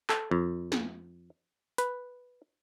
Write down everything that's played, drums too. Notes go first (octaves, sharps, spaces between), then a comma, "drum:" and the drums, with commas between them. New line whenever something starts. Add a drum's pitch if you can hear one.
A4, drum: clap
F2
drum: snare
B4, drum: hi-hat